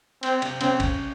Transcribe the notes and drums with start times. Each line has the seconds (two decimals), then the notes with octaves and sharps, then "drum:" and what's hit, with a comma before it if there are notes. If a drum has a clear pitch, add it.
0.23 C4, drum: cymbal
0.42 C3 C4, drum: cymbal
0.61 C#3 C4 C#4, drum: cymbal
0.80 drum: kick A#1, cymbal